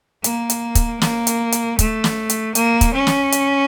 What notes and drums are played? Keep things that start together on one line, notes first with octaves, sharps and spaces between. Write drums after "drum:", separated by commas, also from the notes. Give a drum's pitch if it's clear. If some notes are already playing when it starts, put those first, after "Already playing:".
A#3, drum: hi-hat
drum: hi-hat
drum: kick, hi-hat
A#3, drum: snare
drum: hi-hat
drum: hi-hat
A3, drum: kick, hi-hat
drum: snare
drum: hi-hat
A#3, drum: hi-hat
drum: kick, hi-hat
C#4
drum: snare
drum: hi-hat